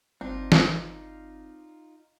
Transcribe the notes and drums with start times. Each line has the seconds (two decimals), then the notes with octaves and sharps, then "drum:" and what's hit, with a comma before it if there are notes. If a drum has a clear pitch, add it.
0.21 G1 C4 D4 D#4 F4
0.52 drum: snare